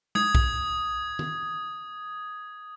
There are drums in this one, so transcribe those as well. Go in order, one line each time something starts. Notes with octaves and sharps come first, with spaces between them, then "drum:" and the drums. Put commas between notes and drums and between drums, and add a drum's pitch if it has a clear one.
D#6 G#6, drum: tom G#3
drum: kick B1
drum: tom D#3